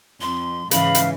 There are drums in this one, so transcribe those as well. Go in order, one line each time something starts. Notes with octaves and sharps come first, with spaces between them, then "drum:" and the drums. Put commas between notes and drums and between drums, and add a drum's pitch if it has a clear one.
F2 C6
G#2 C#3 E3 F5 B5, drum: hi-hat
drum: hi-hat